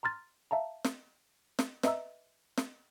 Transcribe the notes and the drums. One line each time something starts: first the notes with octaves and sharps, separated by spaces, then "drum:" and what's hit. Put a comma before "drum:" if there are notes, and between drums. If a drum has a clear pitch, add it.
A#5 C6 F6 A6
E5 F5 A5 A#5
drum: snare
drum: snare
B4 D#5 E5 A#5 E6, drum: snare
drum: snare